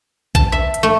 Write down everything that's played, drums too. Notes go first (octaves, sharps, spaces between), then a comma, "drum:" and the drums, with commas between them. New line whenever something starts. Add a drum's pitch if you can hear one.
A5, drum: kick B1, hi-hat
E5
drum: hi-hat
A3